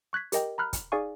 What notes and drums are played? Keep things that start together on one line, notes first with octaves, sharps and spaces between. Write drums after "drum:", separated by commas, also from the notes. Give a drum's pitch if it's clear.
C#6 F#6 G#6 B6
G4 A#4 D#5 G5, drum: hi-hat
A#5 B5 F6 F#6
drum: kick, hi-hat
D#4 G#4 D5 F5 G#5 C#6